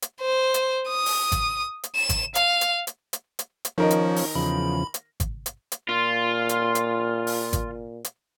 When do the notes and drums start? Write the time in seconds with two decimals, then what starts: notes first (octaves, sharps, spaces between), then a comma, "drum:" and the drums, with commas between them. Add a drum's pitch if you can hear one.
0.02 drum: hi-hat
0.21 C5
0.54 drum: hi-hat
0.89 D#6
1.06 drum: open hi-hat
1.32 drum: kick G#1, hi-hat
1.83 drum: hi-hat
1.95 E7
2.09 drum: kick G#1, hi-hat
2.35 F5, drum: hi-hat
2.61 drum: hi-hat
2.87 drum: hi-hat
3.13 drum: hi-hat
3.39 drum: hi-hat
3.65 drum: hi-hat
3.78 D#3 F3 C#4 F4 A#4 C#5 D#5
3.90 drum: hi-hat
4.16 drum: open hi-hat
4.35 E2 C#3 F3 B5
4.94 drum: hi-hat
5.20 drum: kick G#1, hi-hat
5.46 drum: hi-hat
5.72 drum: hi-hat
5.89 A#2 F4
6.49 drum: hi-hat
6.75 drum: hi-hat
7.27 drum: open hi-hat
7.53 drum: kick G#1, hi-hat
8.04 drum: hi-hat